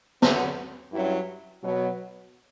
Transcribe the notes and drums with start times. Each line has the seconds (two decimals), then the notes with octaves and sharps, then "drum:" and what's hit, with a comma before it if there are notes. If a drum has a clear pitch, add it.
0.22 D3 F#3 B3, drum: snare
0.92 G2 F#3 C#4 E4
1.62 B2 F#3 B3